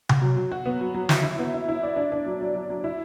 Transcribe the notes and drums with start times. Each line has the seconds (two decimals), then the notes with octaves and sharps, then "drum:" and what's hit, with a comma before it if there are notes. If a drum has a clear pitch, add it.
0.09 drum: tom C3
0.22 F#3
0.37 F#3
0.52 F#4
0.66 B3
0.81 F#3
0.94 F#3
1.09 E4, drum: snare
1.24 E4
1.39 B3
1.54 E4
1.68 E4
1.83 D5
1.96 D4
2.12 D4
2.26 F#3
2.41 F#3
2.55 F#3
2.69 F#3
2.84 E4